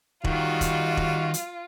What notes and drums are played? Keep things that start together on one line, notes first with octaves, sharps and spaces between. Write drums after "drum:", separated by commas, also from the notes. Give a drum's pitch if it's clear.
D#3 G3 F4 F#4, drum: kick E1
drum: kick E1, hi-hat
drum: kick E1
drum: hi-hat